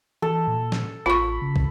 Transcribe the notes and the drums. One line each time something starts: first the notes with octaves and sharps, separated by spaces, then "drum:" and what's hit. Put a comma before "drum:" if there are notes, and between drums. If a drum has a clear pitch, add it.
E3 A4
A#2
drum: snare
A1 F4 B5 C#6
C#3
drum: kick